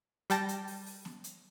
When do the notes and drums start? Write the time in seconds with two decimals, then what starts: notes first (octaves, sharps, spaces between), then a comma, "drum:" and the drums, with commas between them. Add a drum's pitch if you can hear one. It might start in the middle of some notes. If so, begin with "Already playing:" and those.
0.30 G3 G5 A5 A6 A#6, drum: hi-hat
0.49 drum: hi-hat
0.67 drum: open hi-hat
0.86 drum: open hi-hat
1.05 drum: snare B3
1.24 drum: hi-hat